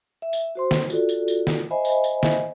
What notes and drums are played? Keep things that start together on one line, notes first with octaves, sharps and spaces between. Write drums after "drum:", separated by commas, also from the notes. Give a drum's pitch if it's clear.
E5
drum: tambourine
F#4 C5 C6
drum: snare
F4 F#4 A4 D5, drum: tambourine
drum: tambourine
drum: tambourine
drum: snare
C5 D#5 E5 G#5 B5
drum: tambourine
drum: tambourine
drum: snare